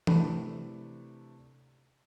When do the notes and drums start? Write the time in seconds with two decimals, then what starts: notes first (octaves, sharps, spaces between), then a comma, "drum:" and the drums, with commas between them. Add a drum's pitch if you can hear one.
0.07 C3 E3 A3 D4 B5, drum: tom E3